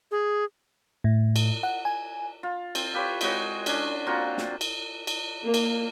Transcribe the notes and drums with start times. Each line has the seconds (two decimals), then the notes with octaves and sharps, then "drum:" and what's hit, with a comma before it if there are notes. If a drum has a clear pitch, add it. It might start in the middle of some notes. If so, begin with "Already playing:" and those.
0.11 G#4
1.04 A2
1.36 drum: cymbal
1.63 F#5
1.85 G#5
2.43 F4
2.75 C4, drum: cymbal
2.94 F4 G4 B4 C#5
3.21 G#3 C4 F#4 C#5, drum: cymbal
3.66 C#4 D4, drum: cymbal
4.06 A#3 C4 F4 F#4
4.38 drum: snare
4.61 drum: cymbal
5.07 drum: cymbal
5.44 A#3
5.54 drum: cymbal